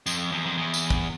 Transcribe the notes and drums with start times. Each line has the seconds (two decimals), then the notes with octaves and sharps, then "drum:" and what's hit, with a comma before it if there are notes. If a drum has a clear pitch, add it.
0.06 F2, drum: tambourine
0.32 E2
0.46 F2
0.57 E2
0.74 drum: tambourine
0.90 drum: kick